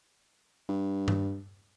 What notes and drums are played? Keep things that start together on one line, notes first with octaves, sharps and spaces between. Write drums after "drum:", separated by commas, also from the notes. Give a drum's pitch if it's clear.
G2
drum: tom G2